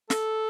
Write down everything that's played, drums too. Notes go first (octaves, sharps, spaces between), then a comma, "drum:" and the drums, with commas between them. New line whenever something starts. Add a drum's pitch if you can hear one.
A4, drum: snare